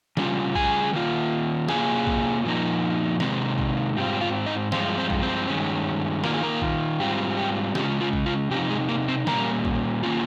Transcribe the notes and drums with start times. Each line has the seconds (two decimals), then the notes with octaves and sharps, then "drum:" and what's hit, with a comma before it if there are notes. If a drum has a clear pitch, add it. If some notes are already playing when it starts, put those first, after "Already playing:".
0.17 C#3 G3 C#4 F4, drum: snare
0.55 G#4 G#5, drum: kick
0.93 D#3 A#3 F4
1.68 C3 F3 A#3 C#4 F4 G#4 G#5, drum: snare
2.07 drum: kick
2.45 A#2 F3 A#3 D#4
3.20 C3 D#3 G#3 C4 D#4, drum: snare
3.59 drum: kick
3.97 G#2 G3 C4 F4
4.21 F4 F5
4.46 D#4 D#5
4.72 G2 F3 G#3 C4 F4 C5, drum: snare
4.98 C4 C5
5.10 drum: kick
5.22 C4 C5
5.48 G2 D#3 G#3 C#4
6.24 D#3 A#3 F4 A#4, drum: snare
6.34 G#4
6.43 A#3 A#4
6.62 drum: kick
7.00 G#2 G3 C4 F4 G4
7.37 G4
7.75 C#3 G#3 C#4 F4 G4, drum: snare
8.01 F4
8.13 drum: kick
8.26 F4
8.51 C3 F3 C4 D#4 G4
8.70 G#3 G#4
8.89 A#3 A#4
9.08 C4 C5
9.27 A#2 G3 A#3 C#4 A#4 A#5, drum: snare
9.65 drum: kick
10.03 D#3 A#3 C#4 F4